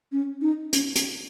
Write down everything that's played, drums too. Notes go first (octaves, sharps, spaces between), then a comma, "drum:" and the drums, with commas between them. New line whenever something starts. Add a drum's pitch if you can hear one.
C#4
D#4
C#4, drum: hi-hat
drum: hi-hat